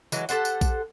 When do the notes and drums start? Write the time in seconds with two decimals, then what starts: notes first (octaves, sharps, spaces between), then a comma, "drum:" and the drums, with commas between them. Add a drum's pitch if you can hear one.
0.12 E3 F#3 G#3, drum: tambourine
0.29 G4 A4 C5 F#5, drum: tambourine
0.45 drum: tambourine
0.61 drum: kick A#1, tambourine